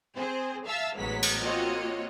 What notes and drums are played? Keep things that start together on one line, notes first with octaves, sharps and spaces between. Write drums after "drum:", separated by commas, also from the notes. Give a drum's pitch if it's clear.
C4 G#4 C5
E5 F5 A5 E6
A1 G#2 F#3 B3 B6
drum: cymbal
A#3 C4 F4 F#4 C#5 D#5